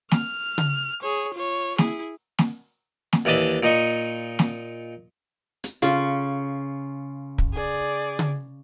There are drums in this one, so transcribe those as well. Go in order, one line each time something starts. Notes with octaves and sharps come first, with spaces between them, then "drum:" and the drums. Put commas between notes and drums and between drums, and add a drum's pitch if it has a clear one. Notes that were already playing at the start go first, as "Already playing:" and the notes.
F6, drum: snare
drum: tom C#3
G#4 C#5
F4 C#5
E4 G#4, drum: snare
drum: snare
drum: snare
D#2 E3 D4 D#5 A5 B5
A#2 D#4 D#5 C#6
drum: snare
drum: hi-hat
C#3 F4, drum: hi-hat
drum: kick
G#4 D5
drum: tom C#3